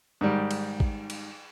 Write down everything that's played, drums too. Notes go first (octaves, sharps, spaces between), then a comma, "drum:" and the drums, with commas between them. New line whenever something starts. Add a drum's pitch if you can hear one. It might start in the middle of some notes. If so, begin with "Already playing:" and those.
G#2 D#3 G3
drum: cymbal
drum: kick
drum: cymbal